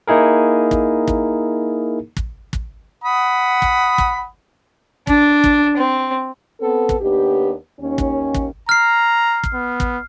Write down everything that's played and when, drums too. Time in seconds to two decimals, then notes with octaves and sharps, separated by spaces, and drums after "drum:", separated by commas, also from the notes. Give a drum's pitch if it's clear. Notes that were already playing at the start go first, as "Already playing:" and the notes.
0.07 A#3 D#4 E4 G#4 A#4
0.71 drum: kick
1.08 drum: kick
2.17 drum: kick
2.53 drum: kick
3.04 F#5 B5 D#6
3.62 drum: kick
3.98 drum: kick
5.07 D4, drum: kick
5.44 drum: kick
5.77 C4
6.61 B3 C4 A4
6.89 drum: kick
7.00 D#2 B3 D4 G4
7.80 D#2 C#4
7.98 drum: kick
8.34 drum: kick
8.69 A#5 F6 C7
9.43 drum: kick
9.54 B3
9.80 drum: kick